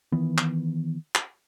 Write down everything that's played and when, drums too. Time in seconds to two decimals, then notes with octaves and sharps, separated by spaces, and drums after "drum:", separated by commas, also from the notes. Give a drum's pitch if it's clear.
0.12 D#3 E3 B3
0.38 drum: clap
1.15 drum: clap